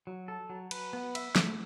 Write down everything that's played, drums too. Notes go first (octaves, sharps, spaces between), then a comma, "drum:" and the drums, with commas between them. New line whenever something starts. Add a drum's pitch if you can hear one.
F#3
A4
F#3
B4, drum: cymbal
B3
E5, drum: cymbal
A3, drum: snare